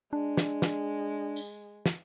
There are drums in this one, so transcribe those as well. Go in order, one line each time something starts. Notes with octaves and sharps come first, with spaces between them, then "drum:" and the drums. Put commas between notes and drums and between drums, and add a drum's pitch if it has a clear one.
G#3 D4
drum: snare
drum: snare
drum: tambourine
drum: snare